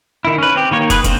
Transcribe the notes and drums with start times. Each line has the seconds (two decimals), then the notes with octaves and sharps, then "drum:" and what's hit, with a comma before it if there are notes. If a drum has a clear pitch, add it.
0.25 D#3 E4
0.38 C#4 B4
0.56 C4 G4
0.71 D#3 A#3 C#5
0.90 G#4 B4, drum: kick, hi-hat
1.04 D3 A#3 C4 C5, drum: kick, hi-hat